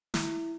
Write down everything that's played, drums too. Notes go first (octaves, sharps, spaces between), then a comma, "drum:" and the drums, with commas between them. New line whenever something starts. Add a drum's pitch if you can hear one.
E4, drum: snare